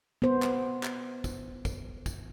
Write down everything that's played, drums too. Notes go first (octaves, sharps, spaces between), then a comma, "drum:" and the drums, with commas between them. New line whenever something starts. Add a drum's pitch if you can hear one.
B3 C5
drum: clap
drum: clap
drum: kick, tambourine
drum: kick, tambourine
drum: kick, tambourine